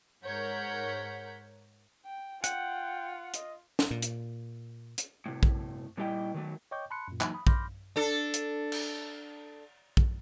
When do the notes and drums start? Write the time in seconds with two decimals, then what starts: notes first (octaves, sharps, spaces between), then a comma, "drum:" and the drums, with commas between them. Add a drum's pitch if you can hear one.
0.25 G#2 A#4 C#5 F#5 G6 B6
2.06 G5
2.44 F4 F#5 G5, drum: hi-hat
3.34 D#5, drum: hi-hat
3.79 drum: snare
3.91 A#2
4.02 drum: hi-hat
4.98 drum: hi-hat
5.26 A2 C3
5.43 drum: kick
5.97 A#2 G3 E4 G4 D#5 G5
6.34 D#3 F#3 A3
6.71 C#5 D#5 G5 C#6 D6 G6
6.90 A5 B5 C6 F#6 C#7
7.08 F#2 A#2
7.21 E3 F#3 A#3 D#4, drum: clap
7.34 B5 D#6
7.47 B5 C6 D6 F6 G6 A#6, drum: kick
7.96 D4 A4
8.34 drum: hi-hat
8.72 drum: cymbal
9.97 drum: kick